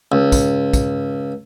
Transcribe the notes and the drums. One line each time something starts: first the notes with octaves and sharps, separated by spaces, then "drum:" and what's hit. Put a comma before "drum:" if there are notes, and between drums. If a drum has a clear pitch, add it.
C#2
drum: kick, tambourine
drum: kick, tambourine